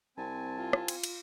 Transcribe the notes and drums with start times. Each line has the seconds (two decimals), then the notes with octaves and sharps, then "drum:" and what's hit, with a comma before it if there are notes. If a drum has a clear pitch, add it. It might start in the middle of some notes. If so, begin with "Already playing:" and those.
0.17 C2 C4 G#5 A5
0.58 F4
0.73 drum: rim click
0.88 drum: cymbal
1.04 drum: cymbal